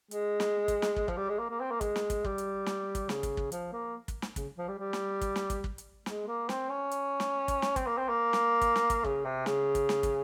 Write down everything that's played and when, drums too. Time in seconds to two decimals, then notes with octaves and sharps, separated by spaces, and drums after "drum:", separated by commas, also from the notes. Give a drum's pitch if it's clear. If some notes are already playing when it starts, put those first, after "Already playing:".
0.11 G#3, drum: hi-hat
0.40 drum: snare
0.68 drum: kick, hi-hat
0.82 drum: snare
0.96 drum: kick
1.08 F3, drum: kick
1.17 G3
1.29 G#3
1.39 A#3
1.50 A#3
1.60 C4
1.71 A#3
1.81 G#3, drum: kick, hi-hat
1.96 drum: snare
2.10 drum: kick, hi-hat
2.25 G3, drum: kick
2.38 drum: hi-hat
2.66 drum: snare
2.95 drum: kick, hi-hat
3.09 C#3, drum: snare
3.23 drum: kick, hi-hat
3.37 drum: kick
3.52 F3, drum: hi-hat
3.73 A#3
4.08 drum: kick, hi-hat
4.22 drum: snare
4.36 C#3, drum: kick, hi-hat
4.58 F3
4.69 G3
4.79 G3
4.93 drum: snare
5.21 drum: kick, hi-hat
5.36 drum: snare
5.50 drum: kick, hi-hat
5.64 drum: kick
5.78 drum: hi-hat
6.06 G#3, drum: snare
6.27 A#3
6.49 C4, drum: snare
6.70 C#4
6.91 drum: hi-hat
7.20 drum: snare
7.48 drum: kick, hi-hat
7.62 drum: snare
7.76 C4, drum: kick, hi-hat
7.87 A#3
7.97 C4
8.09 A#3
8.33 drum: snare
8.61 drum: kick, hi-hat
8.76 drum: snare
8.90 drum: kick, hi-hat
9.04 C#3, drum: kick
9.25 C3
9.46 C#3, drum: snare
9.75 drum: kick, hi-hat
9.89 drum: snare
10.03 drum: kick, hi-hat